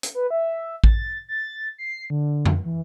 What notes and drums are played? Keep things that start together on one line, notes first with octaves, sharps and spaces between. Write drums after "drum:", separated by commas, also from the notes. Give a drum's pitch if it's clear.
drum: hi-hat
B4
E5
A6, drum: kick A1
A6
C7
D3
drum: tom F2
E3